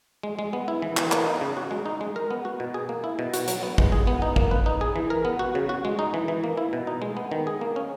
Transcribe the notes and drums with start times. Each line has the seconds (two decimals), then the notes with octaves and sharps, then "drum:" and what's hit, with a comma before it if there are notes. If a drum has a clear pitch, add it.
0.23 G#3
0.39 G#3
0.53 B3
0.68 E4
0.82 E3
0.97 E3, drum: clap
1.12 A#3, drum: clap
1.26 D#4
1.41 C#3
1.57 F#4
1.71 G#3
1.86 D#4
2.01 G#3
2.16 A#4
2.31 B3
2.45 F#4
2.60 B2
2.74 G#4
2.89 A#3
3.04 E4
3.19 B2
3.34 F#4, drum: hi-hat
3.48 F#3, drum: hi-hat
3.63 B3
3.78 G#3, drum: kick
3.92 G#4
4.07 B3
4.22 D#4
4.36 A#3, drum: kick
4.51 B4
4.66 D#4
4.81 G#4
4.96 E3
5.10 A#4
5.25 B3
5.39 F#4
5.55 C#3
5.69 F#4
5.85 G#3
5.99 D#4
6.14 E3
6.28 E3
6.44 A#3
6.57 E4
6.73 B2
6.87 D#4
7.02 G#3
7.17 B3
7.31 D#3
7.47 G#4
7.61 A#3
7.76 C#4